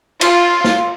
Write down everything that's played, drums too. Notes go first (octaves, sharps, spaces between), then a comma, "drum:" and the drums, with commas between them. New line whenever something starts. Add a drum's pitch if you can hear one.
F4, drum: cymbal
drum: snare